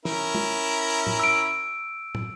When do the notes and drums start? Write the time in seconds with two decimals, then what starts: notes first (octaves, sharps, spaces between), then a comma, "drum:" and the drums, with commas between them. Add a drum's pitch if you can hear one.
0.05 C#4 E4 A#4, drum: snare
0.35 drum: tom
1.07 drum: tom
1.19 E6 D7
2.15 drum: tom